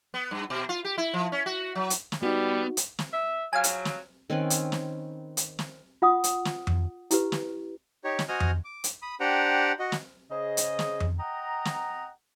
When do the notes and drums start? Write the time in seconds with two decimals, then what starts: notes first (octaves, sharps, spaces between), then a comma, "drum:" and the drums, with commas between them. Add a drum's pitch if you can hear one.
0.14 B3
0.31 G2
0.50 B2
0.69 F4
0.85 G4
0.98 E4
1.14 F3
1.32 C#4
1.46 F#4
1.75 F#3
1.90 drum: hi-hat
2.12 drum: snare
2.23 G3 B3 D#4 F#4
2.77 drum: hi-hat
2.99 drum: snare
3.12 E5
3.53 C#3 F3 F#3 F5 G#5
3.64 drum: hi-hat
3.85 drum: snare
4.30 D#3 C4 C#4 B4
4.50 drum: hi-hat
4.72 drum: snare
5.37 drum: hi-hat
5.59 drum: snare
6.02 F4 F#5 D#6
6.24 drum: hi-hat
6.45 drum: snare
6.67 drum: tom F2
7.11 E4 G4 B4, drum: hi-hat
7.32 drum: snare
8.04 D#4 G4 C#5
8.19 drum: snare
8.29 F#4 C5 D#5 G#5 D#6 F6
8.40 drum: tom F2
8.64 D6
8.84 drum: hi-hat
9.02 B5 D#6
9.20 D4 G4 C5 F#5 G5 A#5
9.79 F#4 D#5
9.92 drum: snare
10.30 C#3 G#4 C5 D#5
10.57 drum: hi-hat
10.79 drum: snare
11.00 drum: tom F2
11.19 D#5 F#5 G5 A#5
11.65 drum: snare